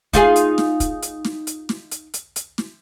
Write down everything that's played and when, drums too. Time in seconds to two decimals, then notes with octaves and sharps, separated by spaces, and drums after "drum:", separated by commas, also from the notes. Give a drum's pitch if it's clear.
0.13 D#4 F4 G#4, drum: kick, hi-hat
0.36 drum: hi-hat
0.58 drum: snare
0.80 drum: kick, hi-hat
1.02 drum: hi-hat
1.25 drum: snare
1.47 drum: hi-hat
1.69 drum: snare
1.91 drum: hi-hat
2.14 drum: hi-hat
2.36 drum: hi-hat
2.58 drum: snare